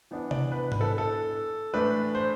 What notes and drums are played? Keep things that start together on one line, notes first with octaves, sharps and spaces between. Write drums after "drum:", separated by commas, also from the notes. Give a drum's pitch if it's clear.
E3 B3 D4
D5, drum: tom C3
B4
B4, drum: tom G#2
A4
A4
A2 E3 A3 D4 B4
C5